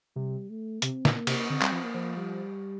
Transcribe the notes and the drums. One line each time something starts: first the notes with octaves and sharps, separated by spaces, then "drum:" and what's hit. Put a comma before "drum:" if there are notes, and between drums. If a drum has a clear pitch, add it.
C3 G3
A3
C3 C4, drum: hi-hat
A#2, drum: snare
A#3
C3, drum: cymbal
D3 C4
G3, drum: clap
F3
A#3
F3
G3